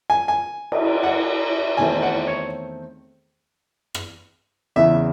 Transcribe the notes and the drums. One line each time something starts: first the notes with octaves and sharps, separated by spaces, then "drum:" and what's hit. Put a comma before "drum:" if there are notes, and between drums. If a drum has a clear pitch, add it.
G#5
G#5
drum: cymbal
F#5
E2 D#3 A3 C4 G#5
F#5
C#5
drum: rim click
E2 C#3 E3 E5